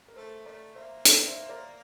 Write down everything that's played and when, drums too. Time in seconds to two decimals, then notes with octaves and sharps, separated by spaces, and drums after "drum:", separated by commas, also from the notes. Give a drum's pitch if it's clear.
0.08 A#4
0.16 A3 A4 C5
0.45 A3 A#4 D5
0.75 A#3 C5 E5
1.05 A#4 D5, drum: hi-hat
1.27 C5 E5
1.43 C5
1.49 A#4 D5